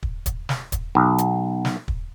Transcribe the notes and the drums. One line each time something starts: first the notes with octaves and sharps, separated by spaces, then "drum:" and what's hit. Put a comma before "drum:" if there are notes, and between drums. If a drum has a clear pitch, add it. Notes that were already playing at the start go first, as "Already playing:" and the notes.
drum: kick
drum: kick, hi-hat
drum: snare
drum: kick, hi-hat
B1
drum: hi-hat
drum: snare
drum: kick